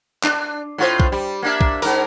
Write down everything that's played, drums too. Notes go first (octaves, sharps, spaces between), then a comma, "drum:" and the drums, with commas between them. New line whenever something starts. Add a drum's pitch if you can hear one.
D4, drum: clap
A2 F4 C5
drum: kick
G3
A#3 D4 E5
drum: kick
G#2 A#4, drum: open hi-hat